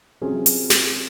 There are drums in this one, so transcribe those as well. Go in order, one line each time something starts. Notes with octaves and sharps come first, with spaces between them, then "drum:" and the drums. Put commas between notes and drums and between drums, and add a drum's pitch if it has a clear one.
C3 F#3 C#4 F4 G#4
drum: hi-hat
drum: snare